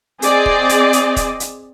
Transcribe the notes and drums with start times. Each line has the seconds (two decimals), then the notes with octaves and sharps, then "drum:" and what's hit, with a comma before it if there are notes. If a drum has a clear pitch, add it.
0.22 C4 G#4 D5 D#5, drum: hi-hat
0.46 drum: kick
0.69 drum: hi-hat
0.93 drum: hi-hat
1.16 drum: kick, hi-hat
1.40 drum: hi-hat